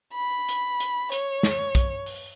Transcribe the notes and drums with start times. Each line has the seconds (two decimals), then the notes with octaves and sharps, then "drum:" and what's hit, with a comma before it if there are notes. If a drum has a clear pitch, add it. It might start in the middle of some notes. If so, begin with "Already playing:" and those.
0.14 B5
0.49 drum: hi-hat
0.80 drum: hi-hat
1.12 C#5, drum: hi-hat
1.43 drum: snare
1.75 drum: kick, hi-hat
2.06 drum: open hi-hat